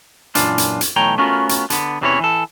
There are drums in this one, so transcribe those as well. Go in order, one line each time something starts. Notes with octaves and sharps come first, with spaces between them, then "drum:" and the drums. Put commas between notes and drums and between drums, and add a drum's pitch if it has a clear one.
F#2 A#2 E3 D4 F4, drum: hi-hat
drum: hi-hat
drum: hi-hat
B1 E3 A3 C#5 G5 A#5
A3 B3 C#4 F4 F#4 A#4
drum: hi-hat
D3 B3, drum: hi-hat
E2 C3 E3 C#4 E4 C#5
E3 A4